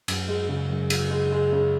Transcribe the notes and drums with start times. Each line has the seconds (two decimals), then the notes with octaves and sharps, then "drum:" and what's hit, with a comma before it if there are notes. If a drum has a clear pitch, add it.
0.08 F#2, drum: cymbal
0.28 G#3
0.49 C#3
0.70 F#2
0.90 C#3, drum: cymbal
1.11 G#3
1.33 G#3
1.53 C#3